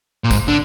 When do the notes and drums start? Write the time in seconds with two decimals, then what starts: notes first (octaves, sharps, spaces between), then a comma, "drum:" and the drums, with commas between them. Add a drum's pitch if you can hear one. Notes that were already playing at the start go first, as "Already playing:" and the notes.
0.24 A#2
0.31 G#2, drum: kick, tambourine
0.48 D3